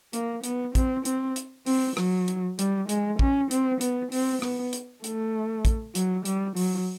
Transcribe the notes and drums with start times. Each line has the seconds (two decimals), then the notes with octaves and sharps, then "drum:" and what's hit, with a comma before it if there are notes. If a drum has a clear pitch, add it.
0.13 A#3, drum: hi-hat
0.44 B3, drum: hi-hat
0.75 C4, drum: kick, hi-hat
1.05 C4, drum: hi-hat
1.36 drum: hi-hat
1.66 C4, drum: open hi-hat
1.97 F#3, drum: rim click
2.28 drum: hi-hat
2.59 G3, drum: hi-hat
2.89 G#3, drum: hi-hat
3.19 C#4, drum: kick
3.51 C4, drum: hi-hat
3.81 B3, drum: hi-hat
4.12 C4, drum: open hi-hat
4.42 B3, drum: rim click
4.73 drum: hi-hat
5.04 A3, drum: hi-hat
5.65 drum: kick, hi-hat
5.95 F#3, drum: hi-hat
6.25 G3, drum: hi-hat
6.56 F#3, drum: open hi-hat